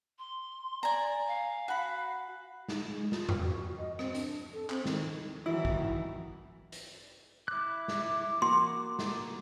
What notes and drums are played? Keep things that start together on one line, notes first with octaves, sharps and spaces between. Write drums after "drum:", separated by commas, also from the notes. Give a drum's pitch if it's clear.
C6
D5 G#5 A#5
F5
F#4 B5
D#4, drum: snare
G#3
F4, drum: snare
drum: tom E2
F#4
D#5
C4, drum: rim click
D4, drum: hi-hat
A4
C4, drum: clap
D#3, drum: snare
D#3 E3 F#3 E4 F#4
drum: kick
drum: hi-hat
E4 D6 F#6
drum: snare
A#3 F#4 C6
drum: snare